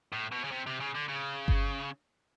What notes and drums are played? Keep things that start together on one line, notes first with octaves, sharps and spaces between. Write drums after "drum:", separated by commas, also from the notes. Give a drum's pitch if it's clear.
A2
B2
C#3
C3
C3
C#3
D3
C#3
drum: kick G1